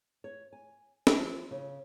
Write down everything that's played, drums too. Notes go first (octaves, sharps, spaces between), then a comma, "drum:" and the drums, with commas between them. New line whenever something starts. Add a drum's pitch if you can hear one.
C#5
G#5
drum: snare
F3
C#3